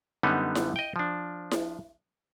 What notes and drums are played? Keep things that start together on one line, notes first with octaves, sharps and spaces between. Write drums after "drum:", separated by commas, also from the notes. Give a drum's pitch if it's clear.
F#2 D3 G3 B3 C#4 D#4
drum: snare E4
D#5 G5
F3 D4
drum: snare E4